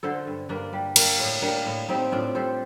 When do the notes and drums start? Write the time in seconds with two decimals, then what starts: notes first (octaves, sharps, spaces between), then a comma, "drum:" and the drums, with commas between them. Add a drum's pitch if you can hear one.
0.03 D3 A4 C5
0.27 G2
0.49 G2 A#3 D4
0.73 G3
0.96 G3 A#3, drum: cymbal
1.19 A2
1.42 G3 A#3 D4
1.66 A2
1.88 G3 C4 D#4
2.12 A2 D4 F4
2.35 G3 A4 C5